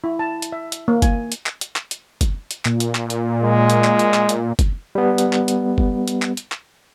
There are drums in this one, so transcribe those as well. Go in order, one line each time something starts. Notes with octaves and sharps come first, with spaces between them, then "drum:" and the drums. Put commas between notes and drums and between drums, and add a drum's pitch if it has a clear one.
E4
A5
drum: hi-hat
E5
drum: hi-hat
A#3
G#5, drum: kick, hi-hat
drum: hi-hat
drum: clap
drum: hi-hat
drum: clap
drum: hi-hat
drum: kick, hi-hat
drum: hi-hat
A#2, drum: clap
drum: hi-hat
drum: clap
drum: hi-hat
G#3
drum: hi-hat
drum: clap
drum: hi-hat
drum: clap
drum: hi-hat
drum: kick, hi-hat
G3 B3
drum: hi-hat
drum: clap
drum: hi-hat
drum: kick
drum: hi-hat
drum: clap
drum: hi-hat
drum: clap